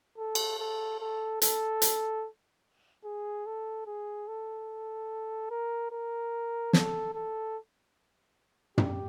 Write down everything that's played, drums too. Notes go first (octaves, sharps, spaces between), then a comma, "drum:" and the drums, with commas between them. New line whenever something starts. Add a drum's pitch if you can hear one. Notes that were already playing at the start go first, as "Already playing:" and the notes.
A4
drum: cymbal
A4
A4
A4, drum: hi-hat
drum: hi-hat
G#4
A4
G#4
A4
A#4
A#4
A4, drum: snare
A4
G4, drum: tom